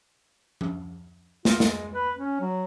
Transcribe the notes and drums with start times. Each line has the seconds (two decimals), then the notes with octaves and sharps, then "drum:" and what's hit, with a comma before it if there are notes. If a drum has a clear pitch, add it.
0.61 drum: tom F3
1.45 F4, drum: snare
1.60 G#3, drum: snare
1.94 B4
2.15 C#4
2.40 F#3